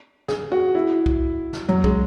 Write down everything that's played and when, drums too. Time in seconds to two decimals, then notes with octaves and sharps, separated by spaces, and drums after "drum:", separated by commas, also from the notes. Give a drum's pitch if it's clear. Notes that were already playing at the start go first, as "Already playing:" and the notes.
0.28 G#4, drum: snare
0.52 F#4
0.75 E4
1.06 drum: kick
1.53 drum: snare
1.69 F#3, drum: tom
1.84 G#3, drum: kick